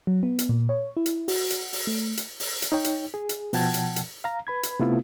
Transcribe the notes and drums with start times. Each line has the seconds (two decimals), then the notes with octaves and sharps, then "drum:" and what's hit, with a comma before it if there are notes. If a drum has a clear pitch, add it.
0.07 F#3
0.23 B3
0.39 drum: hi-hat
0.49 A#2
0.69 C#5
0.97 E4
1.06 drum: hi-hat
1.28 F#4, drum: open hi-hat
1.50 drum: hi-hat
1.73 drum: open hi-hat
1.87 A3
2.17 drum: hi-hat
2.40 drum: open hi-hat
2.62 drum: hi-hat
2.72 D#4 C#5 G5
2.84 drum: hi-hat
3.14 G#4
3.29 drum: hi-hat
3.53 B2 F3 F#5 G5 A5 G#6, drum: open hi-hat
3.74 drum: hi-hat
3.96 drum: hi-hat
4.24 F5 A#5
4.47 B4 B5 G#6
4.63 drum: hi-hat
4.80 C3 A3 B3 E4 F4